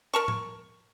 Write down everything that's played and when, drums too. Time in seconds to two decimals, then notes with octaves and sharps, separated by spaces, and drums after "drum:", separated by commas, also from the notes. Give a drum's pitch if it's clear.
0.14 A#4 A5 C#6
0.28 drum: tom A2